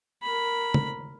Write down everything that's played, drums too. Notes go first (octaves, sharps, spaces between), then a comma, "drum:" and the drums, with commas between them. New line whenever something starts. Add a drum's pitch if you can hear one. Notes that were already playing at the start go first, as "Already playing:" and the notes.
A#4 B5
drum: tom